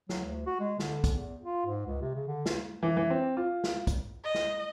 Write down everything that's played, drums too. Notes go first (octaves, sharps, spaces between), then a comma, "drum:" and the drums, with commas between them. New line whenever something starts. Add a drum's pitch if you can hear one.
F#3, drum: snare
D2
F#4
G#3
D3, drum: snare
drum: kick, hi-hat
E2
F4
G#2
C#2
C3
C#3
D3
drum: snare
E3
E3
C4
F4
drum: snare
drum: kick, hi-hat
D#5
drum: snare